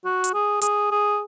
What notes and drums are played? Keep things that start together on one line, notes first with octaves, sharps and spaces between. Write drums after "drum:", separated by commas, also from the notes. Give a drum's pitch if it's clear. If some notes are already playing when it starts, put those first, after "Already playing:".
F#4
drum: hi-hat
G#4
G#4, drum: hi-hat
G#4